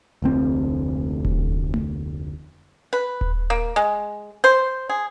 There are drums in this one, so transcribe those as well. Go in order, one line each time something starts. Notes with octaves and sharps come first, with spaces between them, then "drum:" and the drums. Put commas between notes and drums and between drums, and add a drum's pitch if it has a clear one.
F1 D2 C4
drum: kick D#1
drum: tom A3
B4
drum: kick D#1
A#3
G#3
C5
G#4